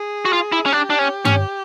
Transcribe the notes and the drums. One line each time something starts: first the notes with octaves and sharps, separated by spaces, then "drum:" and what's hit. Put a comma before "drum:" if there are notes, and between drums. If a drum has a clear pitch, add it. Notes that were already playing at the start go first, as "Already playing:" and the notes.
Already playing: G#4
F#4
F4
E4
C#4
D4 G4
D4
C#4
C#4, drum: tom G2